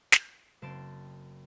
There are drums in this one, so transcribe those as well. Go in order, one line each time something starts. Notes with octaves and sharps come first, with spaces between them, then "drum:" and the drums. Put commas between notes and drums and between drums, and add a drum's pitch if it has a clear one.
drum: snare
F#1 C4 A5 C6 D7